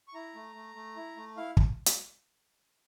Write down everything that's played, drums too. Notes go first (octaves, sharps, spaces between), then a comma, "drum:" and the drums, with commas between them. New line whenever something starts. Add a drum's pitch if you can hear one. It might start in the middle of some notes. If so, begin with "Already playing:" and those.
C#6
E4 A#5
A3
A3
A3
E4
A3
E4 F5
drum: kick
drum: hi-hat